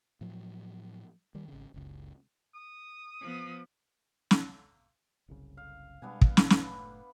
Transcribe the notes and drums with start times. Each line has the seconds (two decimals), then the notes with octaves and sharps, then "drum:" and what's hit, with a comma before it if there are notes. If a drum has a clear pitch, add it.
0.21 A2 F3 F#3
1.35 D#3 G3
1.48 G#1 C#3
1.74 F#1 C#2
2.55 D#6
3.21 F3 B3
4.31 drum: snare
5.28 F#1 C2 C#3
5.57 F5
6.02 B2 G3 G#3 B3 D4 G#5
6.21 drum: kick
6.37 drum: snare
6.50 F#1 A2 A3 B4, drum: snare